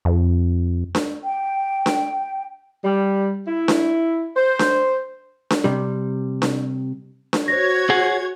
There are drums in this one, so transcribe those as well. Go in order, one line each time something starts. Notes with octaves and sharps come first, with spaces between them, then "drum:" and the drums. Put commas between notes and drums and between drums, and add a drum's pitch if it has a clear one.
F2
drum: snare D4
G5
drum: snare D4
G3
E4
drum: snare D4
C5
drum: snare D4
drum: snare D4
C3 G3
drum: snare D4
drum: snare D4
F#4 C5 C#5 G#6 A#6
G#4 F#5